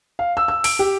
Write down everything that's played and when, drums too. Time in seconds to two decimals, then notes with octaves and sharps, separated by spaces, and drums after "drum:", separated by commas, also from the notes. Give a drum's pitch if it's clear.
0.19 F5
0.37 E6
0.48 E6
0.64 D7, drum: open hi-hat
0.79 G4